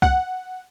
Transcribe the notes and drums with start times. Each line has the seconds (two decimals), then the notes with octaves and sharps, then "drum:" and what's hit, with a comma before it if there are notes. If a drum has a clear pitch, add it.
0.02 F#5, drum: kick C2